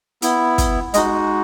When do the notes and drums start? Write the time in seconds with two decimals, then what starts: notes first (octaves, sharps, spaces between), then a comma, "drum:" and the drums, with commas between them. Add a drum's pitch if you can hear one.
0.22 B3 E4, drum: hi-hat
0.58 drum: kick, hi-hat
0.94 G#3 D#4 F#4 D#5, drum: hi-hat